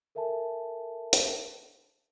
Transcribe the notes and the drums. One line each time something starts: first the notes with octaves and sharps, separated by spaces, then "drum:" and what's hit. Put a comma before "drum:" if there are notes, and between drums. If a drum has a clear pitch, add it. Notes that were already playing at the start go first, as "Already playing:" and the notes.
A4 A#4 E5 G#5 A5
drum: hi-hat